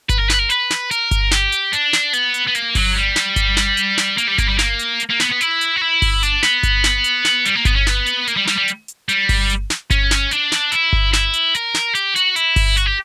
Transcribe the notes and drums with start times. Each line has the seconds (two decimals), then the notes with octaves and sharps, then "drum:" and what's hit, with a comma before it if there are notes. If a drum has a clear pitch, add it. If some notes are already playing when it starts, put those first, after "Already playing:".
0.09 B4, drum: kick G1, hi-hat
0.19 A#4
0.30 B4, drum: snare
0.39 A#4
0.50 B4, drum: hi-hat
0.70 drum: snare
0.91 A#4, drum: hi-hat
1.11 drum: kick G1, hi-hat
1.31 G4, drum: snare
1.52 drum: hi-hat
1.73 D4, drum: hi-hat
1.93 drum: snare
2.13 B3, drum: hi-hat
2.34 drum: hi-hat
2.47 B3
2.55 A#3, drum: hi-hat
2.75 F#3, drum: kick G1, open hi-hat
2.95 G3
3.16 drum: snare
3.36 drum: kick G1, hi-hat
3.57 drum: snare
3.77 drum: hi-hat
3.98 drum: snare
4.18 A#3, drum: hi-hat
4.28 G3
4.38 A#3, drum: kick G1, hi-hat
4.49 G3
4.59 A#3, drum: snare
4.79 drum: hi-hat
5.00 drum: hi-hat
5.10 A#3
5.20 B3, drum: snare
5.31 B3
5.41 E4, drum: hi-hat
5.61 drum: hi-hat
5.76 F#4
5.81 E4
6.02 drum: kick G1, open hi-hat
6.23 D4, drum: hi-hat
6.43 B3, drum: snare
6.63 drum: kick G1, hi-hat
6.84 drum: snare
7.04 drum: hi-hat
7.25 drum: snare
7.45 G3, drum: hi-hat
7.55 A#3
7.65 B3, drum: kick G1, hi-hat
7.76 C#4
7.87 B3, drum: snare
8.06 drum: hi-hat
8.27 A#3, drum: hi-hat
8.37 G3
8.47 G3, drum: snare
8.57 G3
8.68 drum: hi-hat
8.88 drum: hi-hat
9.09 G3, drum: hi-hat
9.29 drum: kick G1, open hi-hat
9.50 drum: hi-hat
9.70 drum: snare
9.90 C#4, drum: kick G1, hi-hat
10.11 drum: snare
10.31 D4, drum: hi-hat
10.52 drum: snare
10.72 E4, drum: hi-hat
10.93 drum: kick G1
11.13 E4, drum: snare
11.34 drum: hi-hat
11.55 A#4, drum: hi-hat
11.74 drum: snare
11.95 G4, drum: hi-hat
12.16 F#4, drum: hi-hat
12.36 E4, drum: hi-hat
12.56 drum: kick G1, open hi-hat
12.77 F#4, drum: hi-hat
12.86 G4